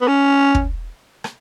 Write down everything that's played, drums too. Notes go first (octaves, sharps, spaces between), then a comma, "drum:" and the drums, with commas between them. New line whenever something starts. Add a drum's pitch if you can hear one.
B3
C#4
drum: kick
drum: rim click